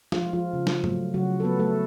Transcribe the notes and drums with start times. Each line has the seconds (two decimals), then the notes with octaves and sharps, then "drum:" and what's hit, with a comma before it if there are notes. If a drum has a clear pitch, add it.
0.12 F3 F4, drum: snare
0.23 F3
0.26 G#3
0.33 F3 F4
0.53 C#3
0.67 drum: snare
0.84 F#3 A3, drum: tom
1.14 C#3 F#3 F#4
1.40 A4
1.44 F#3 A3 B3 B4
1.59 A3 A4